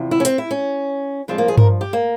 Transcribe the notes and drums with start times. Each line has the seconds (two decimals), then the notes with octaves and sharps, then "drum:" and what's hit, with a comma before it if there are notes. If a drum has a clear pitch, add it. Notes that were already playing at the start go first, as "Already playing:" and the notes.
Already playing: E2 C3 F3
0.11 E4
0.20 C#4
0.25 C4, drum: hi-hat
0.38 E4
0.51 C#4
1.28 G2 F3 G#3 C4
1.38 A#3
1.48 G#4
1.58 A#4, drum: tom G2
1.81 G4
1.93 A#3